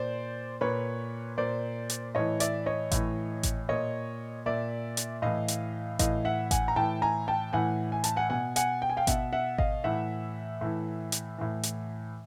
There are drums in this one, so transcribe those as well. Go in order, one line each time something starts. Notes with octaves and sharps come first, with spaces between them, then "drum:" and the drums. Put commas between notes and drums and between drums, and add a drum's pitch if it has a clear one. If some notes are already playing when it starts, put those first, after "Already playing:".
Already playing: A#2 C5 D5
A#2 B4 C#5
A#2 C5 D5
drum: hi-hat
A2 E3 C#5 D#5
D5 E5, drum: hi-hat
C#5 D#5
A2 E3, drum: kick G#1, hi-hat
drum: kick G#1, hi-hat
A#2 C#5 D#5
A#2 D5 E5
drum: hi-hat
A2 E3 D#5 F5
drum: hi-hat
A2 E3 D#5 F5, drum: kick G#1, hi-hat
E5 F#5
F#5 G#5, drum: kick G#1, hi-hat
A#5
A2 E3 G5 A5
G#5 A#5
G5 A5
A2 E3 F#5 G#5
G#5
A5, drum: hi-hat
F#5 G#5
B2 F#5 G#5
F#5 G#5, drum: hi-hat
G5
G#5
F5 G5
B2 E5 F#5, drum: kick G#1, hi-hat
E5 F#5
D#5 F5, drum: kick G#1
A2 E3 E5 F#5
A2 E3
drum: hi-hat
A2 E3
drum: hi-hat